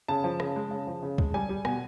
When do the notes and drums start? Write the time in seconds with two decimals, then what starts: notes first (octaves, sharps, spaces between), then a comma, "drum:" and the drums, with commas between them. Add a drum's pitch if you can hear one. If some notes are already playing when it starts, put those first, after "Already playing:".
0.08 C#3 A5
0.24 F3
0.40 C#3, drum: rim click
0.56 G#3
0.71 C#3
0.87 F3
1.03 C#3
1.18 G#3, drum: kick
1.34 G3 G#5
1.49 G3
1.65 B2 G#5, drum: rim click